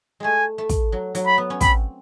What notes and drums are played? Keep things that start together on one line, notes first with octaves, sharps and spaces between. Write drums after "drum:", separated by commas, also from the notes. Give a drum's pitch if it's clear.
G#3 A3 G#5
A3
drum: kick, hi-hat
F#3
F#3, drum: hi-hat
B5
B3
C#4
C4 B5, drum: kick, hi-hat